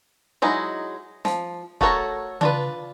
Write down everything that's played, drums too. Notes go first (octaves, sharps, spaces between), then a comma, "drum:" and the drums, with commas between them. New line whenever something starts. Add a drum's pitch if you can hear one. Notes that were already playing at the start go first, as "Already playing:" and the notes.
F#3 G#3 D#4 E4
F3, drum: snare
A3 F#4 A4 A#4 C#5, drum: kick
D4 F4 B4, drum: tom C#3